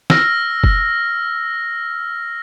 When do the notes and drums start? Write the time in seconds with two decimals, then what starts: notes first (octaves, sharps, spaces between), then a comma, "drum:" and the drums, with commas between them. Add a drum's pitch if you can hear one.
0.10 E6 F6 A#6, drum: snare
0.64 drum: kick F#1